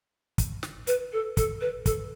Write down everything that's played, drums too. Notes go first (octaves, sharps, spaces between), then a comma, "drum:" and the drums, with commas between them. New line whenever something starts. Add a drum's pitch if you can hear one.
drum: kick, hi-hat
drum: snare
B4, drum: hi-hat
A4
A4, drum: kick, hi-hat
B4
A4, drum: kick, hi-hat